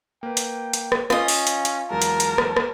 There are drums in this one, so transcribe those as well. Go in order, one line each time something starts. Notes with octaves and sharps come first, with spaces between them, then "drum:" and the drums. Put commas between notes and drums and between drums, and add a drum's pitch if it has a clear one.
A#3 B4 G5
drum: hi-hat
drum: hi-hat
drum: rim click
C#4 F4 D#5 D#6, drum: rim click
drum: open hi-hat
drum: hi-hat
drum: hi-hat
E2 F#3 G#3 A#4 A5
drum: hi-hat
drum: hi-hat
drum: rim click
drum: rim click